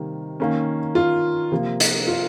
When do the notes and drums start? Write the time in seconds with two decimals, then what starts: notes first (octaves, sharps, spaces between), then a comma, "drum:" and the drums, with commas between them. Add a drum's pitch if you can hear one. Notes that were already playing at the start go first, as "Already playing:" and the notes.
Already playing: C3 D#3 G3 A#3
0.40 D#3 A#3 C#4
0.95 F4
1.52 C3 F3 A#3
1.80 drum: hi-hat
2.08 F4